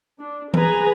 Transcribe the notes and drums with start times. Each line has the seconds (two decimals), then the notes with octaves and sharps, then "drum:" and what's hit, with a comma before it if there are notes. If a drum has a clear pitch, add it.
0.20 D4
0.54 G#4 B4 G#5 A#5, drum: tom E3